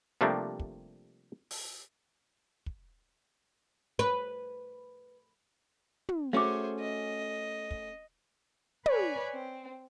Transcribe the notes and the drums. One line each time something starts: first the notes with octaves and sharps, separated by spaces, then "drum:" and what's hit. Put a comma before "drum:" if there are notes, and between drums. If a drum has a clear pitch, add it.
C3 F3 G3 A3 A#3 D4
drum: kick
drum: open hi-hat
drum: kick
B4
drum: tom
A3 C#4 F#4 G#4 C5 E5 D6
D#5
drum: kick
B4 C#5 D5 G#5, drum: tom
C4